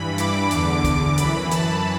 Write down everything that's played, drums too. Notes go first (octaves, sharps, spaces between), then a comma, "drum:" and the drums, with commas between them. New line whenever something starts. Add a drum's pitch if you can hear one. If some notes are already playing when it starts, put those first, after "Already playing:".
Already playing: G2 E3 B5
D6, drum: hi-hat
E2 D3 D6, drum: hi-hat
drum: kick, hi-hat
F#2 E3 B5, drum: hi-hat
A5, drum: hi-hat